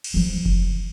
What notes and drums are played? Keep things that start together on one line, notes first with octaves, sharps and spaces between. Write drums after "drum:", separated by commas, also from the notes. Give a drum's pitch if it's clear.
drum: cymbal
E3 F3
drum: kick F1